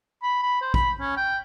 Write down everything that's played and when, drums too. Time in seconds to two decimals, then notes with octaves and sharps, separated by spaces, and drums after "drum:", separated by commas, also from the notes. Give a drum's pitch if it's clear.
0.23 B5
0.42 B5
0.61 C5
0.74 B5, drum: kick
1.00 C#4
1.17 G5